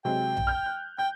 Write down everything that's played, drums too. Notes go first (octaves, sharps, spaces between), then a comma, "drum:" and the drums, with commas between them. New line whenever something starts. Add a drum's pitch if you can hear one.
C3 F#3 G#3 G5
drum: tom A#1
F6 G6
F#6
G5 G6